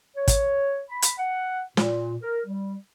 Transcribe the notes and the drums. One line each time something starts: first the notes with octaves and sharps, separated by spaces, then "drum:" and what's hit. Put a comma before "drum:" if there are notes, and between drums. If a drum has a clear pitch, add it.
C#5
drum: kick, hi-hat
B5
drum: hi-hat
F#5
A#2, drum: snare
A#4
G3